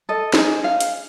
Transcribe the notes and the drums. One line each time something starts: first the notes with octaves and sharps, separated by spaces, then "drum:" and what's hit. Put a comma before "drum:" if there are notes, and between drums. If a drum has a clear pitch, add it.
A4 D#5
D#4 G#4 C5, drum: snare
F5
drum: hi-hat